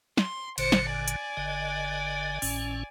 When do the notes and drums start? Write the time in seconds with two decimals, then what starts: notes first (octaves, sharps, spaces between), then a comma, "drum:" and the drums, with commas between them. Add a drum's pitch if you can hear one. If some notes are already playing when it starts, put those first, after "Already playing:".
0.17 C6, drum: snare
0.58 G#1 A#2 D3 C5 C#7, drum: cymbal
0.72 drum: snare
0.89 D5 G#5
1.08 drum: hi-hat
1.37 G1 D3 D#5
2.42 G#1 A2 C#4, drum: open hi-hat